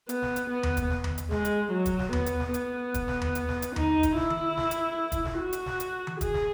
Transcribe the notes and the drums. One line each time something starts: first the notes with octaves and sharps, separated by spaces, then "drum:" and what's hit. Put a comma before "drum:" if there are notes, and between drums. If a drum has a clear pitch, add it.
B3, drum: hi-hat
drum: snare
drum: hi-hat
B3
drum: tom D#2
drum: kick, hi-hat
drum: snare
drum: tom D#2
drum: hi-hat
G#3, drum: snare
drum: hi-hat
F#3
drum: kick, hi-hat
drum: snare
B3, drum: tom D#2
drum: hi-hat
drum: snare
B3, drum: hi-hat
drum: kick, hi-hat
drum: snare
drum: tom D#2
drum: hi-hat
drum: snare
drum: hi-hat
D#4, drum: tom D#2
drum: kick, hi-hat
E4, drum: snare
drum: tom D#3
drum: snare
drum: hi-hat
drum: kick, hi-hat
drum: snare
F#4
drum: hi-hat
drum: snare
drum: hi-hat
drum: tom D#3
G#4, drum: kick, hi-hat
drum: snare